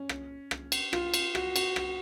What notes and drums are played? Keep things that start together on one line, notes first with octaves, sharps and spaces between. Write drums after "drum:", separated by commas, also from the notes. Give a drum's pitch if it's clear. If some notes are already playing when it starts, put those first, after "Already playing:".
Already playing: C#4
drum: rim click
drum: rim click
drum: cymbal
F4, drum: rim click
drum: cymbal
F#4, drum: rim click
F#4, drum: cymbal
drum: rim click